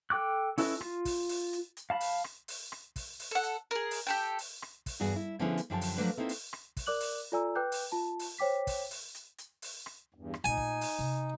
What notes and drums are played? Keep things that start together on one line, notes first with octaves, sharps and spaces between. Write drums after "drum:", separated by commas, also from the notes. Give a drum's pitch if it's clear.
A4 G5 D6 F#6
C#4 E4 A4 B4 D#5, drum: open hi-hat
F4, drum: rim click
drum: kick, open hi-hat
drum: open hi-hat
drum: hi-hat
drum: hi-hat
F5 A5 B5
drum: open hi-hat
drum: rim click
drum: open hi-hat
drum: rim click
drum: kick, open hi-hat
drum: open hi-hat
A4 F#5
drum: hi-hat
G#4 A#4
drum: open hi-hat
G4 A4 G5
drum: open hi-hat
drum: rim click
drum: kick, open hi-hat
E2 G2 F#4 G#4 D5
E4
D3 F3 B3 C#4 E4 G#4
drum: hi-hat
F#2 D3 F3 G4 G#5 A5
drum: open hi-hat
F3 F#3 A3 A#3 D4 B4
A#3 C4 D#4 E4 A4
drum: open hi-hat
drum: rim click
drum: kick, open hi-hat
A#4 D5 D6 F#6 F#7
drum: open hi-hat
F4 A4 D5 G#5 A#5 E6
B4 G5 D6 F#6 G6
drum: open hi-hat
F4 A5
drum: open hi-hat
C5 C#5 G5 D6 B6
drum: kick, open hi-hat
drum: open hi-hat
drum: hi-hat
drum: hi-hat
drum: open hi-hat
drum: rim click
E2 G2
drum: rim click
A#2 A3 D#4 G#5
drum: kick
drum: open hi-hat
C3